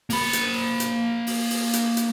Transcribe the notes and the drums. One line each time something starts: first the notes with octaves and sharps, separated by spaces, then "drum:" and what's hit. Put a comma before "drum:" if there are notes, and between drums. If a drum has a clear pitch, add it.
A#3 B5, drum: open hi-hat
drum: hi-hat
drum: hi-hat
drum: open hi-hat
drum: open hi-hat
drum: hi-hat
drum: hi-hat